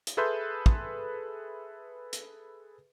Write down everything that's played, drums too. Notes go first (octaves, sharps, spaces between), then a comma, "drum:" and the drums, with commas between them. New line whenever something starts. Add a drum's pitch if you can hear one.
drum: hi-hat
G#4 A4 B4 E5 C6 G6
drum: kick
drum: hi-hat